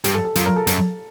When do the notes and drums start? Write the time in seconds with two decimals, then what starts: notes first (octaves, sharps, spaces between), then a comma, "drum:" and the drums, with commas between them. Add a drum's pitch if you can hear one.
0.04 G2 G4, drum: hi-hat
0.14 A4
0.25 A4
0.35 F#2 F4, drum: hi-hat
0.46 A#4
0.56 A4
0.67 F#2 A4, drum: hi-hat